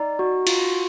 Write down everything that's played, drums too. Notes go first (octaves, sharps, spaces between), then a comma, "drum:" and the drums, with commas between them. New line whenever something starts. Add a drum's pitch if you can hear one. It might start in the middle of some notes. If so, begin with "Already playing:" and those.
Already playing: D#4 D5
F#4
F4, drum: cymbal